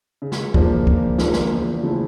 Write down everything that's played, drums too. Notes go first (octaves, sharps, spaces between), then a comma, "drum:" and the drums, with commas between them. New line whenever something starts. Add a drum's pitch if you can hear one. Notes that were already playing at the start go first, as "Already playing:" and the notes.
C#3
drum: snare
F3 A#3 D4, drum: kick
C#3, drum: kick
F3 A#3 D4, drum: snare
drum: snare
E2
C#3 F3 A3 E4